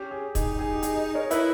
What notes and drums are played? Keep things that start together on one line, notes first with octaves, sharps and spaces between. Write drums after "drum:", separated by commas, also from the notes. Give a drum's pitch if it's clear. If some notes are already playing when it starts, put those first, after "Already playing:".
Already playing: C#4 G4
G#4
D#4 G#4, drum: kick, hi-hat
G#4
G4
G#4, drum: hi-hat
A#4 C#5
E4 B4 D#5, drum: hi-hat